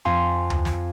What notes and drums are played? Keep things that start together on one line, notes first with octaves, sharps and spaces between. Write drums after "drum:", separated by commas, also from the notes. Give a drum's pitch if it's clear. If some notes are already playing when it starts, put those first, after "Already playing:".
F2 C4 F5 G#5 C6
drum: tom D2
drum: snare